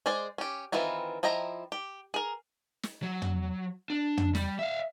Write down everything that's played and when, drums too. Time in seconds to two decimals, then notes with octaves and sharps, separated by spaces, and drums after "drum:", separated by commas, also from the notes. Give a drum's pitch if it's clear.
0.06 G#3 G#4 C5 D5
0.38 C#4 G4
0.72 D#3 E3 C4 E4 F4
1.23 F3 E4 D#5 G5 A#5
1.72 G4
2.14 G#4 A#4
2.83 drum: snare
3.03 F#3
3.22 drum: tom
3.90 D4
4.17 drum: tom
4.35 G3, drum: snare
4.59 E5 F5